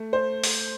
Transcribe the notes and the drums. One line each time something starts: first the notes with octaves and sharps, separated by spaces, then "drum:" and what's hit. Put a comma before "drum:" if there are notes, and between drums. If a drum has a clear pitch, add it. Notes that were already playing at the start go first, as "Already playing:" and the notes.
Already playing: A3
C5
drum: open hi-hat